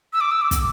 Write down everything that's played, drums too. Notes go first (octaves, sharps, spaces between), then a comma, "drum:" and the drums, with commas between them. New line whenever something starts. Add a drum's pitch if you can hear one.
E6
D6
E6
D6
drum: kick, hi-hat